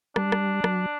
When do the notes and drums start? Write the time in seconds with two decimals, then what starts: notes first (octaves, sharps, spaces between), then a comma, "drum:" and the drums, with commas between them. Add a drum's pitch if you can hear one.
0.16 G3 D4, drum: rim click
0.32 drum: rim click
0.64 F#3, drum: rim click